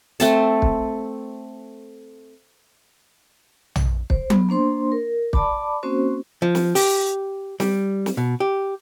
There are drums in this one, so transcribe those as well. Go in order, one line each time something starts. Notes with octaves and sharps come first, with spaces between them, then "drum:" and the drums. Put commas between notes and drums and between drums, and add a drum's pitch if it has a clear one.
A3 C4 A5, drum: hi-hat
drum: kick
drum: tom
C5, drum: kick
B3, drum: tom F#3
A#3 D4 C5 C6
A#4
D5 A5 B5 D6, drum: kick
A#3 C4 C#4 F#4 C5
F3
drum: snare
G4, drum: open hi-hat
G3, drum: snare
drum: snare
B2
G4